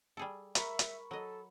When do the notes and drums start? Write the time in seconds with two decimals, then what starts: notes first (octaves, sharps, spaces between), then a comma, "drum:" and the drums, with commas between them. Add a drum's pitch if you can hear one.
0.17 G3 G#4 A4
0.55 A#4 E5 B5 C#6, drum: hi-hat
0.79 drum: hi-hat
1.11 F#3 A4 D#5